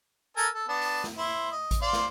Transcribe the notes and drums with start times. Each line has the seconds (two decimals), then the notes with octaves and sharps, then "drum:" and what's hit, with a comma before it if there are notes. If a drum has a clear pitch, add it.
0.37 A4 A#4 G#5
0.54 A4
0.69 B3 D4 A5
0.82 drum: open hi-hat
1.04 drum: snare
1.18 E4 C5
1.51 D#5
1.71 drum: kick A1, hi-hat
1.82 C5 D5 F5
1.93 drum: snare